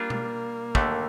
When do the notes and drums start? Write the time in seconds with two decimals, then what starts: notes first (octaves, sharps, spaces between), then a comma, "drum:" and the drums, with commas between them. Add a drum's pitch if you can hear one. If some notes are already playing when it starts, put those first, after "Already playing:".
Already playing: G3 A#3 D4 F4
0.10 drum: tom B2
0.75 D#2 D3 A3, drum: kick